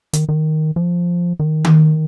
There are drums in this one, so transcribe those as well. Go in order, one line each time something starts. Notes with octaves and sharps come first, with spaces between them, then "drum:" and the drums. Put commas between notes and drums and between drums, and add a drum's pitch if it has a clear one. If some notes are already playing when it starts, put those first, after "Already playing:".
D#3, drum: hi-hat
D#3
F3
D#3
drum: tom D#3